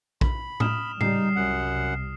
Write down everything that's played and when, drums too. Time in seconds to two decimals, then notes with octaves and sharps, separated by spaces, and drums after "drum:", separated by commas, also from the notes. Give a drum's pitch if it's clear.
0.21 B5, drum: kick A#1
0.60 D#6 F6 E7, drum: tom A2
1.01 C#3 G3 D#4 C7, drum: tom A2
1.36 C2 F#2 F#5